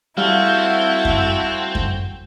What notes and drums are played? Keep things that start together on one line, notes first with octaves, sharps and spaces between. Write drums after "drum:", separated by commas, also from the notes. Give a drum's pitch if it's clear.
G3 A3 C4 E4 F#4 F5 F6
drum: kick F#2
drum: kick F#2